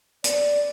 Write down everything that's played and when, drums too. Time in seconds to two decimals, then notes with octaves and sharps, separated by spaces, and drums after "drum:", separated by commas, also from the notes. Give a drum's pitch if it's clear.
0.24 D5, drum: hi-hat